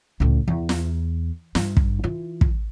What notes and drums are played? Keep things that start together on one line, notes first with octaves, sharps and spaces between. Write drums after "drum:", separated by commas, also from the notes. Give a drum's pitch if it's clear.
C#2 A2
E2
drum: snare
G2, drum: snare
drum: kick
E3 F4
drum: kick